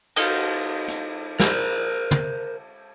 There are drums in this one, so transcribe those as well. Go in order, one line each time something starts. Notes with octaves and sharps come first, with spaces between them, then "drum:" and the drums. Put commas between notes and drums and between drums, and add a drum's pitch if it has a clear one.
D#4 F4, drum: cymbal
drum: hi-hat
A#4 C5, drum: snare
drum: tom